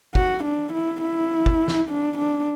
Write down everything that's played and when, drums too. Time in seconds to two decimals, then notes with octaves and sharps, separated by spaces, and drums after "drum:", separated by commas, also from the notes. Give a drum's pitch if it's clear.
0.15 F#4, drum: kick
0.45 D4
0.73 E4
1.02 E4
1.46 drum: kick
1.68 drum: snare
1.90 D4
2.19 D4